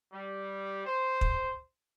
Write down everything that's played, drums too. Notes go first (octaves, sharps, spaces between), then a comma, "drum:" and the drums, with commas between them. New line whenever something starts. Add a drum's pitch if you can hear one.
G3
C5
drum: kick